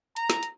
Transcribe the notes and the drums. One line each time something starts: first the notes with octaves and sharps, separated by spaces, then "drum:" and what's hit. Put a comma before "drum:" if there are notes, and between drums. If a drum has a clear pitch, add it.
A#5, drum: hi-hat
drum: snare
drum: hi-hat